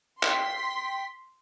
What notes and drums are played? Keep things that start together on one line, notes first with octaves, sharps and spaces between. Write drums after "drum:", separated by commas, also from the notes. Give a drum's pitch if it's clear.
G5 C6 B6, drum: clap